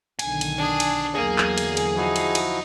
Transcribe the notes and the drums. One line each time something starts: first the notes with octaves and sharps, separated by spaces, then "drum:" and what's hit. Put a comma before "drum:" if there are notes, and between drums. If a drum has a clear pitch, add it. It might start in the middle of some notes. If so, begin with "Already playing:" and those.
B1 D3 D#3 G#5, drum: cymbal
drum: cymbal
D4 G#4
drum: cymbal
E2 D3 F#3 A#3 G#4
drum: clap
drum: cymbal
drum: cymbal
F3 D#4 E4 F#4
drum: cymbal
drum: cymbal